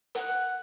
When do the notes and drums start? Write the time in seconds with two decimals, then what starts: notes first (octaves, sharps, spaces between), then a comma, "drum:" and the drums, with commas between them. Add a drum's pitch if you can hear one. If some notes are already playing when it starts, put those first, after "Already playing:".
0.15 F#5, drum: hi-hat